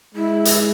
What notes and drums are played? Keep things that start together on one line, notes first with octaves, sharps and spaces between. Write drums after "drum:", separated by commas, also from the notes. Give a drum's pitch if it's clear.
G#3 E4
drum: hi-hat